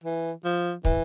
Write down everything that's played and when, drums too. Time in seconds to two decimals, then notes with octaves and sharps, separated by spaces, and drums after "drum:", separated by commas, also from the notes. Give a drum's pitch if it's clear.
0.04 E3
0.44 F3
0.85 E3, drum: kick